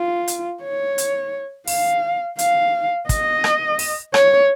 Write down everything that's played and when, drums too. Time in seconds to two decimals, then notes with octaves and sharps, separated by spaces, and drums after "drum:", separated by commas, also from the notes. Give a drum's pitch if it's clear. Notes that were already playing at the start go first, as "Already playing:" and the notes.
Already playing: F4
0.28 drum: hi-hat
0.63 C#5
0.98 drum: hi-hat
1.68 F5, drum: open hi-hat
2.39 F5, drum: hi-hat
3.09 D#5, drum: kick, hi-hat
3.44 drum: rim click
3.79 drum: open hi-hat
4.14 C#5, drum: rim click